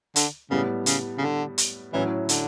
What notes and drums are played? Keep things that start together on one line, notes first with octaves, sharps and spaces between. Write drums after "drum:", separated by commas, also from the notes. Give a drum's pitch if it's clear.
D3, drum: hi-hat
A2 C#3 G3 B3
C#3, drum: hi-hat
C#3
D3
drum: hi-hat
A2 E3 F#3 C#4 E4
D3, drum: hi-hat